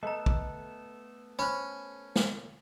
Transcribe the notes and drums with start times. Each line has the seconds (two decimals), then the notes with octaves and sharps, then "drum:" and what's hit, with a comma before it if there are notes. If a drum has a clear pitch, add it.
0.03 A3 B3 A4 D#5 A#5
0.26 drum: kick
1.39 C#4 C5 B5
2.16 drum: snare